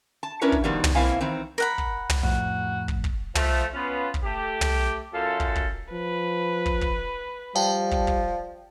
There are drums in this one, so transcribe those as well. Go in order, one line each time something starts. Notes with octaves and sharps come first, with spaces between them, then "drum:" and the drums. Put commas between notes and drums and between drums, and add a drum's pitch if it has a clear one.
A5
C#4 D4 E4 A#4 B4 C#5
drum: kick
B2 D#3 F3 G3 B3
drum: tom
B2 A#3 C4 E4 F5 G#5
D#3 E3 C4
A#4 F#5 B5
drum: kick
drum: tom
F2 A2 F#4
drum: kick
drum: kick
F3 A3, drum: tom
B3 C#4 F4
drum: kick
A3 G4
drum: tom
F#2 F4 A4
drum: kick
drum: kick
F3 B4
drum: kick
drum: kick
F3 G3 D5 G5 A5
drum: kick
drum: kick